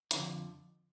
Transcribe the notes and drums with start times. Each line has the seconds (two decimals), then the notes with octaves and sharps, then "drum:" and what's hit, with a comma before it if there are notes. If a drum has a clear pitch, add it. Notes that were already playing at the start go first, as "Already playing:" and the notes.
0.11 F2 D3 F3, drum: hi-hat